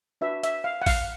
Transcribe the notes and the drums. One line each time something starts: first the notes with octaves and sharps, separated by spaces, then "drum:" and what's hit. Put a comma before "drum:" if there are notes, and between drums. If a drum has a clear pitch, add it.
D4 F#4 B4 E5
E5, drum: hi-hat
F5
F#5
F5, drum: kick A1, open hi-hat